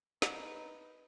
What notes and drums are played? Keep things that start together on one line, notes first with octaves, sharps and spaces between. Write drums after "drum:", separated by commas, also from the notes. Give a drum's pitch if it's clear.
D#4 B4, drum: snare